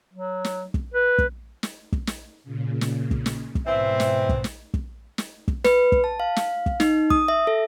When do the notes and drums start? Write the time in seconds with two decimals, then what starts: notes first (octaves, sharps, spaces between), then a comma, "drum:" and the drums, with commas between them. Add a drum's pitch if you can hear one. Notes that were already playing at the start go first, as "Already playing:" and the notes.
0.13 F#3
0.44 drum: snare
0.74 drum: kick
0.94 B4
1.18 drum: kick
1.63 drum: snare
1.92 drum: kick
2.07 drum: snare
2.44 A#2 C#3
2.81 drum: snare
3.11 drum: kick
3.26 drum: snare
3.55 drum: kick
3.66 G#2 B2 E3 C4 E5
4.00 drum: snare
4.29 drum: kick
4.44 drum: snare
4.74 drum: kick
5.18 drum: snare
5.48 drum: kick
5.65 B4, drum: snare
5.92 drum: kick
6.04 A5
6.20 F5
6.36 drum: snare
6.66 drum: kick
6.80 D#4, drum: snare
7.10 D#6, drum: kick
7.28 E5
7.47 A4